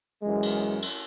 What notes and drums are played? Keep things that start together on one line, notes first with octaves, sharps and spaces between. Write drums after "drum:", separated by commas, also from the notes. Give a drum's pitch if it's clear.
F#2 E3 G#3
drum: cymbal
drum: cymbal